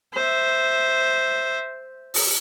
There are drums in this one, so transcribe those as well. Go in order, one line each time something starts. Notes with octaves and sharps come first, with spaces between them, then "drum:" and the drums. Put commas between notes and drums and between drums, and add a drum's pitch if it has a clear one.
C5 E5
drum: open hi-hat